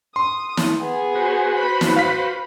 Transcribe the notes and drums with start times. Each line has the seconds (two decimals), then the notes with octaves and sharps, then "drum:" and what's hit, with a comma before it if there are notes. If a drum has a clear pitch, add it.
0.16 C6 D#6
0.57 drum: snare
0.79 B3 G#4
1.15 F#4 B4 C5
1.58 B5
1.81 drum: snare
1.96 F5 B6